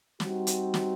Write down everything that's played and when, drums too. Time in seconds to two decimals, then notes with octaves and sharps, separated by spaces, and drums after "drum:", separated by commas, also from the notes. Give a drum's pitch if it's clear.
0.20 G3 C4 D#4 F#4, drum: snare
0.47 drum: hi-hat
0.74 drum: snare